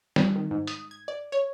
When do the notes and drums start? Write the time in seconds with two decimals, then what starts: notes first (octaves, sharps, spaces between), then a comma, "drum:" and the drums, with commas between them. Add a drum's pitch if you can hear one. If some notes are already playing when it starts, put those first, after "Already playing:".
0.16 G3, drum: snare
0.36 D#3
0.51 G#2
0.67 D#6, drum: hi-hat
0.91 G#6
1.08 D5
1.32 C#5